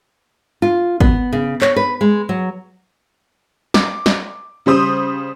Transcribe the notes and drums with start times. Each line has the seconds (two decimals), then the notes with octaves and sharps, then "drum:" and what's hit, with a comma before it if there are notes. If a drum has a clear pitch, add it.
0.62 F4
1.01 B3, drum: kick G#1
1.33 C#3
1.62 C#5, drum: clap
1.76 B4
2.01 G#3
2.29 F#3
3.74 D6, drum: snare
4.06 drum: snare
4.66 C#3 G3 C5 D#6